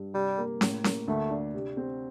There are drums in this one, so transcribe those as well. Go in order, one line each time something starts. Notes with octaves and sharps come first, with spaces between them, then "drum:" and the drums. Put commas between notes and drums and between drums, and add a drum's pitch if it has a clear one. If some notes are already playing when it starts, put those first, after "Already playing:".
Already playing: G2
C3 G3
A#3
A2, drum: snare C#4
A#3, drum: snare C#4
D2 A3
D4
C3
C4